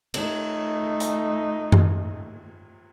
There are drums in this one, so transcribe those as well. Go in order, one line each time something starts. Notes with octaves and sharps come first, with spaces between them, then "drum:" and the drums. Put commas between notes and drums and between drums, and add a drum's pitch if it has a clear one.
A3 D#4, drum: cymbal
drum: hi-hat
drum: tom F#2